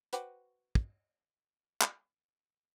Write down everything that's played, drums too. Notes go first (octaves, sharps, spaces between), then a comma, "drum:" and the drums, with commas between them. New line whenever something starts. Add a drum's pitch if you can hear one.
F#4 B4 C5 F#5 G5 D6, drum: hi-hat
drum: kick
drum: clap